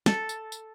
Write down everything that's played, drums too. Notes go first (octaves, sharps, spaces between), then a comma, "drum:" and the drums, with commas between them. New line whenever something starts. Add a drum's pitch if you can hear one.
A4, drum: snare
drum: tambourine
drum: tambourine